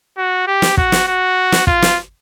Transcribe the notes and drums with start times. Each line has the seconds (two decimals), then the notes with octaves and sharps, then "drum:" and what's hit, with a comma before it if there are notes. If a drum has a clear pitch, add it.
0.18 F#4
0.47 G4
0.62 drum: snare
0.77 F#4, drum: kick
0.92 drum: snare
1.07 F#4
1.52 drum: snare
1.67 F4, drum: kick
1.82 drum: snare